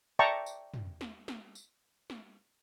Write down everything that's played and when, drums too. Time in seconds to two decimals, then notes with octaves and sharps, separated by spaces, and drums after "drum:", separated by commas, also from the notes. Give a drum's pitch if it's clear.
0.19 D5 E5 G5 A5 A#5 C#6
0.46 drum: tambourine
0.74 drum: tom
1.01 drum: snare
1.28 drum: snare
1.55 drum: tambourine
2.10 drum: snare